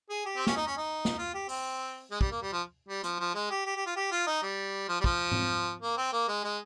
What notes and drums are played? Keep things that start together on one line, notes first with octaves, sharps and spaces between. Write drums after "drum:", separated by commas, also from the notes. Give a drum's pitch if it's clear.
G#4
G4
C4
C#4, drum: snare
D#4
C#4
D#4
drum: snare
F4
G4
C4, drum: open hi-hat
G#3
G3, drum: kick
A#3
G3
F3
G3
F3, drum: hi-hat
F3
G#3
G4
G4
G4
F4
G4
F4
D#4
G3
F3
G3
F3, drum: kick
drum: tom G#2
A#3
C4
A#3
G#3
G#3